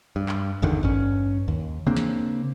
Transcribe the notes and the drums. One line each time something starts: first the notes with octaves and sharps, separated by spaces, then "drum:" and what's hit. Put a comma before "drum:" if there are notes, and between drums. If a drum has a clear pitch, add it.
G2
drum: clap
G#1 E2 D3 D#3
G2 C#4, drum: kick G#1
D#2
C#3 A#3 C4 D4
drum: snare